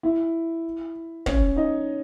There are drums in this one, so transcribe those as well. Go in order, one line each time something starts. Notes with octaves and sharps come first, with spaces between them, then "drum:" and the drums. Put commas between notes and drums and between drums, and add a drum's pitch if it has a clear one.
E4
C#4 C#5, drum: kick
D#4 D#5